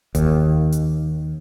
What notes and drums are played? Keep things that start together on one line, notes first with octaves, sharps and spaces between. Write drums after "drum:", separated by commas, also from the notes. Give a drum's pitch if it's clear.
D#2, drum: kick F1, hi-hat
drum: hi-hat